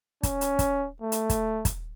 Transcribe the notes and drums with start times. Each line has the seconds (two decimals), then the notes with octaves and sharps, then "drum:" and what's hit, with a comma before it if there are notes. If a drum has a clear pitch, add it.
0.23 C#4, drum: kick, hi-hat
0.41 drum: hi-hat
0.59 drum: kick, hi-hat
1.02 A3
1.12 drum: hi-hat
1.30 drum: kick, hi-hat
1.65 drum: kick, hi-hat